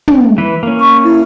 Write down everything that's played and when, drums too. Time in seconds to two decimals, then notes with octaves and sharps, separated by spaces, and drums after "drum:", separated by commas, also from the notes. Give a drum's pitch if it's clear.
0.08 drum: tom
0.38 E3 B4
0.63 A#3 C#4
0.80 C#6
1.04 E4